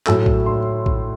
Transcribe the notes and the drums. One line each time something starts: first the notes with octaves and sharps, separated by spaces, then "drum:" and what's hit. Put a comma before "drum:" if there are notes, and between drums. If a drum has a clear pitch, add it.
A2 F#3 A3 E6, drum: clap
drum: kick
C6
drum: kick